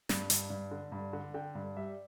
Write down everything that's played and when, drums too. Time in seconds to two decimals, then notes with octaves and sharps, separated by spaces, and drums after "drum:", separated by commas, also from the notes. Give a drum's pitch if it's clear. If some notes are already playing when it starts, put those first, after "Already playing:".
0.09 G2, drum: snare
0.30 G2, drum: hi-hat
0.50 G2
0.71 D3
0.92 G2
1.13 D3
1.34 D3 G5
1.55 G2
1.77 G3 E5